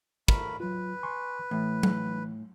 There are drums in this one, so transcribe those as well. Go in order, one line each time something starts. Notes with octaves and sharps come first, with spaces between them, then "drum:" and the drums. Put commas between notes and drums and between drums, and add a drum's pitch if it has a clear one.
A3 A#4 B5, drum: kick
F#3 F4 B4
G#5 C6 C#6
A2 E3
drum: tom F#3